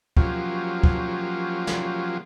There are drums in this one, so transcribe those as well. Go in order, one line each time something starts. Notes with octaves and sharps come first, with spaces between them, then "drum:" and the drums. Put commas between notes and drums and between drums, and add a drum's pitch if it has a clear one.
F3 F#3 A#3 C#4 F4 G4, drum: kick
drum: kick
drum: snare